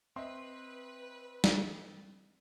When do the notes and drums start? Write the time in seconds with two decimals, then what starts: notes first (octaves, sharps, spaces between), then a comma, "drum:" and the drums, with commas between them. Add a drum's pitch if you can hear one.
0.16 C4 B4 D#5 E5 C6
1.44 drum: snare